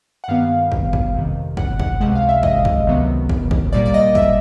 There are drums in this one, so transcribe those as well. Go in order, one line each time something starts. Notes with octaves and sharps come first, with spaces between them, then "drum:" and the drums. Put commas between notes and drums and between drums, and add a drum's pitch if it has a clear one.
F#5
G2 D#3 G3 B3 F5
drum: kick
drum: kick
F2 C3 D#3
F#5, drum: kick
F#5, drum: kick
C#2 C3 F3 G#3 F#5
F5
E5
D#5, drum: kick
drum: kick
C#2 C3 D#3 F#3 B3
drum: kick
drum: kick
C2 A#2 G3 A#3 D5
D5
D#5
E5, drum: kick